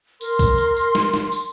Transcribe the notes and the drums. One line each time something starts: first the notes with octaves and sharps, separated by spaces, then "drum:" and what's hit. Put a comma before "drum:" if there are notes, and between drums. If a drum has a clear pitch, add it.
A#4 C6, drum: tambourine
drum: kick B1, tambourine
drum: tambourine
drum: tambourine
drum: snare
drum: snare
drum: tambourine